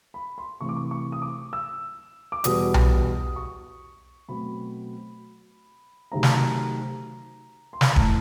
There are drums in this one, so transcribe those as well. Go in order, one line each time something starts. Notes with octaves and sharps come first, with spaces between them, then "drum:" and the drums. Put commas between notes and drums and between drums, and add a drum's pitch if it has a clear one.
B5
C6
C3 E3 A3 C4 C#6
D6
C#6
C#6
D#6
D6
E6
D6
E2 B2 G3 B3 D#6, drum: hi-hat
drum: tom B1
C#6
B2 F#3 A3 C4 B5
C3 D#3 F#3 A3 C4 A#5
A5, drum: snare
A#5
C6
B5, drum: snare
A#5
A2 E3 A3 A5, drum: kick D#1